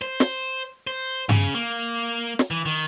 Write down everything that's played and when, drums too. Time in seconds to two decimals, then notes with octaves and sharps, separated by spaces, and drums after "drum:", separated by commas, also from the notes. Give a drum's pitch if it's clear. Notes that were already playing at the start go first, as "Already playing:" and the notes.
0.02 C5
0.20 drum: snare
0.87 C5
1.29 C#3, drum: tom G2
1.55 A#3
2.39 drum: snare
2.51 E3
2.66 D#3